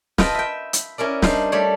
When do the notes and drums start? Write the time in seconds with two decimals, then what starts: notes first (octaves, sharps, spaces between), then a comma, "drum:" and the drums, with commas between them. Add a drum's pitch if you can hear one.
0.18 F4 B4 D#5 G5 A5, drum: snare
0.35 E5 G5
0.73 drum: hi-hat
0.98 C#4 E4 A#4 D5
1.22 G3 D4 D#4 C5, drum: snare
1.52 G3 A3 C#5 D5